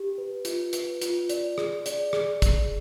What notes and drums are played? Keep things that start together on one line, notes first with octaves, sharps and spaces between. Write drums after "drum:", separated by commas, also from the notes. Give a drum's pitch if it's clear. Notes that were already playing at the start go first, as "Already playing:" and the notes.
Already playing: G4
B4
F4, drum: hi-hat
B4, drum: hi-hat
F4, drum: hi-hat
D5, drum: hi-hat
G#4, drum: rim click
D5, drum: hi-hat
G#4, drum: rim click
G#4, drum: kick, hi-hat